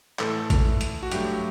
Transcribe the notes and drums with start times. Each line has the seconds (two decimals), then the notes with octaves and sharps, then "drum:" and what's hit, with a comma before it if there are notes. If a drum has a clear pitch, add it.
0.19 A2 E3 A3 A4, drum: clap
0.50 drum: kick A1, hi-hat
0.81 drum: hi-hat
1.03 F#4
1.12 G2 F#3 A3 G4, drum: hi-hat